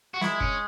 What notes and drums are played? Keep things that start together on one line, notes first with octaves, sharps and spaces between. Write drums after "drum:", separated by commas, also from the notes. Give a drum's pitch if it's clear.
F#4
G#3 E4, drum: snare
C#4, drum: kick F#1